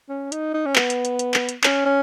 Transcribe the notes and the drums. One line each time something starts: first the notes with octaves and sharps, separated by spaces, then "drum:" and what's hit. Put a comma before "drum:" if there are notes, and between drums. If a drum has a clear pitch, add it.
C#4
D#4, drum: hi-hat
D#4
C#4
B3, drum: clap
drum: hi-hat
drum: hi-hat
drum: hi-hat
drum: clap
drum: hi-hat
C#4, drum: clap
C#4